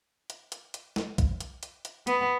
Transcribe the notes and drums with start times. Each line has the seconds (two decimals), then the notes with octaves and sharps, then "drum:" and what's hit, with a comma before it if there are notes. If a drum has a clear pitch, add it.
0.30 drum: hi-hat
0.52 drum: hi-hat
0.74 drum: hi-hat
0.96 drum: snare
1.18 drum: kick, hi-hat
1.40 drum: hi-hat
1.63 drum: hi-hat
1.85 drum: hi-hat
2.07 B3, drum: hi-hat